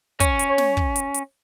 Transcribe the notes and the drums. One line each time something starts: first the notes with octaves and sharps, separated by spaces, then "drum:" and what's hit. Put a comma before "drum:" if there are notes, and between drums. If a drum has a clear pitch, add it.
C#4 C#5, drum: kick, hi-hat
drum: hi-hat
C#5
drum: snare
drum: kick
drum: hi-hat
drum: hi-hat